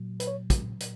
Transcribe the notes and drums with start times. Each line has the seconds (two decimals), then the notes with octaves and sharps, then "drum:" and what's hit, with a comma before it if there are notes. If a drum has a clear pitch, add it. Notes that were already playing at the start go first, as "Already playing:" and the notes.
Already playing: A#2 F#3
0.20 B4, drum: hi-hat
0.27 C#5
0.50 drum: kick, hi-hat
0.80 drum: hi-hat